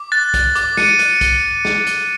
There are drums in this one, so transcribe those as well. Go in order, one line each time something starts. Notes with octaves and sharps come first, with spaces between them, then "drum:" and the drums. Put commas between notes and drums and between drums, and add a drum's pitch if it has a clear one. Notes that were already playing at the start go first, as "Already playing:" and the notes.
Already playing: D6
F#6 A6
F#6, drum: kick, hi-hat
D6, drum: hi-hat
F#6 C#7 D#7, drum: snare
F#6, drum: hi-hat
drum: kick, hi-hat
drum: snare
drum: hi-hat